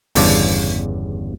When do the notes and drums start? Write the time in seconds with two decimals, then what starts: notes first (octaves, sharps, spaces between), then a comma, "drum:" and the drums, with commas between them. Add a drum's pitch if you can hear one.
0.15 G1 E2 G2 C#3 D5 A5, drum: open hi-hat